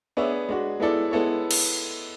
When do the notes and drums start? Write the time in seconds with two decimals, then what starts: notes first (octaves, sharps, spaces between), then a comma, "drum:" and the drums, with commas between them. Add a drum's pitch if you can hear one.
0.17 B3 D4 G#4 C#5 E5
0.49 G#3 D4 F#4
0.80 G#3 B3 E4 A4 D5
1.11 G#3 B3 E4 A4 C#5
1.51 drum: cymbal